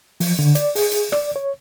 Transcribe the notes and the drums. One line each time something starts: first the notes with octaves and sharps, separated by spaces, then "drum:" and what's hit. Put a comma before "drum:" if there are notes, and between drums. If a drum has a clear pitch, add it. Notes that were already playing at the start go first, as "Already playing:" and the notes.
F3, drum: open hi-hat
D3
D5, drum: hi-hat
G#4, drum: open hi-hat
drum: hi-hat
D5, drum: rim click
C#5